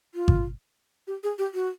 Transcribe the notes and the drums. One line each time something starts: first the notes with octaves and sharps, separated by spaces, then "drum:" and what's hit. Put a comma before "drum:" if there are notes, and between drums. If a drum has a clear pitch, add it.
F4
drum: kick G#1
G4
G#4
G4
F#4